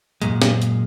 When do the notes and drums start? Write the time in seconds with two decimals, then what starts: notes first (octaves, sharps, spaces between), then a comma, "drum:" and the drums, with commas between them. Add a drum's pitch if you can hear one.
0.22 F#2 A#2 G#3, drum: hi-hat
0.42 drum: snare
0.62 drum: hi-hat